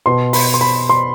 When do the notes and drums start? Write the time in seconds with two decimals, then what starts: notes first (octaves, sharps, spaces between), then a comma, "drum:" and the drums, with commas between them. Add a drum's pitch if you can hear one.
0.06 B2 C6
0.33 B5, drum: open hi-hat
0.54 C6
0.61 B5
0.89 C6